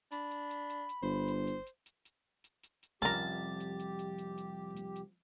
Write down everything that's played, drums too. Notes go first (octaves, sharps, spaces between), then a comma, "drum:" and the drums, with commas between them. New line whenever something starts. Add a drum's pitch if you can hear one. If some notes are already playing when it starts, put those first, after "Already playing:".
D4 B5, drum: hi-hat
drum: hi-hat
drum: hi-hat
drum: hi-hat
drum: hi-hat
G1 C5
drum: hi-hat
drum: hi-hat
drum: hi-hat
drum: hi-hat
drum: hi-hat
drum: hi-hat
drum: hi-hat
drum: hi-hat
C2 F2 C#4 G4 A#4 A5, drum: hi-hat
drum: hi-hat
drum: hi-hat
drum: hi-hat
drum: hi-hat
drum: hi-hat
drum: hi-hat
drum: hi-hat